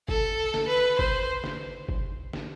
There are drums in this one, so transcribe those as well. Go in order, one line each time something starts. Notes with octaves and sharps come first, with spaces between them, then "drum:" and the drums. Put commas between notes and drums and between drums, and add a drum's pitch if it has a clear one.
A4, drum: kick
drum: snare
B4
C5, drum: kick
drum: snare
drum: kick
drum: snare